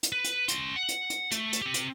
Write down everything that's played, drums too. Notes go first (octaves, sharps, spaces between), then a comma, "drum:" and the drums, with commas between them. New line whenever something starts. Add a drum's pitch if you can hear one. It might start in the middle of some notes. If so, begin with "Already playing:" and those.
drum: hi-hat
B4
drum: hi-hat
C#4 C6, drum: hi-hat
F#5
drum: hi-hat
drum: hi-hat
A3, drum: hi-hat
drum: hi-hat
C4 G4
drum: hi-hat